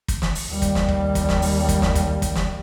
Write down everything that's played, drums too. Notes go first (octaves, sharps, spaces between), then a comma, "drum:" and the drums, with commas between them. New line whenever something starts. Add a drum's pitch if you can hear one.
drum: kick, hi-hat
drum: snare
drum: open hi-hat
D#2 G3
drum: kick, hi-hat
drum: snare
drum: kick
drum: kick, hi-hat
drum: snare
drum: open hi-hat
drum: kick, hi-hat
drum: snare
drum: kick, hi-hat
drum: kick, hi-hat
drum: snare